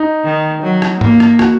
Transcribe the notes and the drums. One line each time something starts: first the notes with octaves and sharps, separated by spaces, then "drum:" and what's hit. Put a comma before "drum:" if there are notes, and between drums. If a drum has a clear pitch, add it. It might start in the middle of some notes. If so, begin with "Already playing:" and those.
Already playing: D#4
D#3
F#3
drum: rim click
A#3, drum: tom G#2
drum: rim click
F#4, drum: rim click